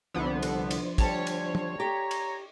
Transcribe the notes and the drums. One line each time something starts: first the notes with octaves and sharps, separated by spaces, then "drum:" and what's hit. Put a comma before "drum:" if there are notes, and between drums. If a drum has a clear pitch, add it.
C2 D3 F3 B3 D4 C5
drum: cymbal
drum: cymbal
D2 G3 C#5 A5, drum: kick, cymbal
drum: cymbal
drum: tom
G4 A#5
drum: cymbal